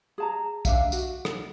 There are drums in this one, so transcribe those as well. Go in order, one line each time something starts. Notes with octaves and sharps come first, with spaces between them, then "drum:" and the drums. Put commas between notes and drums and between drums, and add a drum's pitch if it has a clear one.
G#4 A5 A#5
D4 E5 F5, drum: kick B1, tambourine
F#4, drum: tambourine
drum: rim click